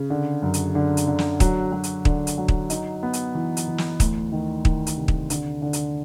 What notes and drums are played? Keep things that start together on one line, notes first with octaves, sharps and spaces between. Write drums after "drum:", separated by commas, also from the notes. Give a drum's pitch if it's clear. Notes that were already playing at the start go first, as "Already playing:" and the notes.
Already playing: C#3
D3
F#2
drum: hi-hat
D3
drum: hi-hat
D3
drum: snare
F#3, drum: kick, hi-hat
F#3
drum: hi-hat
D3, drum: kick
drum: hi-hat
F#3
drum: kick
D#4, drum: hi-hat
B3
drum: hi-hat
E3
drum: hi-hat
E3
drum: snare
D2, drum: kick, hi-hat
D#3
D#3, drum: kick
drum: hi-hat
C3
drum: kick
D3, drum: hi-hat
D3
drum: hi-hat